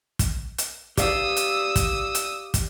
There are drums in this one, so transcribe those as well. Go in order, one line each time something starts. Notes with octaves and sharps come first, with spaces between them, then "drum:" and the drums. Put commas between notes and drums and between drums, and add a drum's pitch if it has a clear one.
drum: kick, hi-hat
drum: hi-hat
G4 D5 F5 D#6 E6, drum: kick, hi-hat
drum: hi-hat
drum: kick, hi-hat
drum: hi-hat
drum: kick, hi-hat